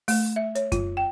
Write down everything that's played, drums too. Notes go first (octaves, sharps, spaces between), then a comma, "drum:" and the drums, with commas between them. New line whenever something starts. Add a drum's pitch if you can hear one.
A3, drum: open hi-hat
E5
C#5, drum: hi-hat
F4, drum: kick F#2, hi-hat
G5